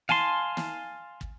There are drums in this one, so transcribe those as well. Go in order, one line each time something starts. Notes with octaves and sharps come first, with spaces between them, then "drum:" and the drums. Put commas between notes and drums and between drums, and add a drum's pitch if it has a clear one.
F5 G#5 A5 C6, drum: snare
drum: snare
drum: kick